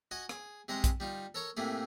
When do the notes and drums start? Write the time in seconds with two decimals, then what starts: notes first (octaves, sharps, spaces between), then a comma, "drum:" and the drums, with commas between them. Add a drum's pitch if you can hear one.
0.11 F#4 D#5 G#5 D#6
0.29 G#4, drum: rim click
0.68 C3 G#3 D#5 A#5 C6
0.84 drum: kick A#1, hi-hat
1.00 G3 D#4 F4
1.35 A4 A#4 C#5 A#5 C#6
1.57 A2 C3 A3 A#3 G#4